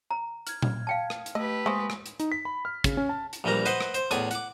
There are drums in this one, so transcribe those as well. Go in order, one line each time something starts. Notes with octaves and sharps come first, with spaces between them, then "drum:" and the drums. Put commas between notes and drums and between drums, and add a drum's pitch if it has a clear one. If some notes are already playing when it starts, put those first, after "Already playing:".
A#5
F6 G#6, drum: hi-hat
drum: tom A#2
F5 G5 A5
drum: rim click
drum: hi-hat
A3 G4 B4 D#5
G#3 A#3 C5 C#6
drum: rim click
drum: hi-hat
D#4, drum: hi-hat
B6
B5
F6
C#3, drum: kick, hi-hat
C#4
A5
drum: hi-hat
A#1 E3 G3 A#4 A#5
B4 C5 D#5 F#5 C6, drum: hi-hat
drum: rim click
C5, drum: hi-hat
E2 A2 D5 G#5 D#6, drum: hi-hat
F#5 D6, drum: hi-hat